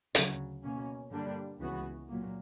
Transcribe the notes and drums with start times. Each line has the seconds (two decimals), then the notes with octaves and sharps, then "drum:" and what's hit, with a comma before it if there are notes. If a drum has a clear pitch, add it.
0.15 D2 C#3 F#3, drum: hi-hat
0.63 B2 A#3 C#4
1.11 G2 D3 G3 A#3 D4
1.60 C#2 C#3 E3 B3 F#4
2.08 A#2 F#3 A#3